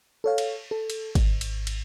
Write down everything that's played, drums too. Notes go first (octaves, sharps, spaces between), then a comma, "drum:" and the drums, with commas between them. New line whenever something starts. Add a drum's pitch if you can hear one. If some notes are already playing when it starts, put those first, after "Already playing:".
A4 C#5 F5
drum: cymbal
A4
drum: cymbal
G#1, drum: kick, cymbal
drum: cymbal
drum: cymbal